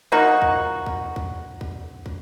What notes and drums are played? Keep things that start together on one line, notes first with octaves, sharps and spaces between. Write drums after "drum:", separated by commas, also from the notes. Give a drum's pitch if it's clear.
F3 A#3 D#4 F#4
drum: kick
drum: kick
drum: kick
drum: kick
drum: kick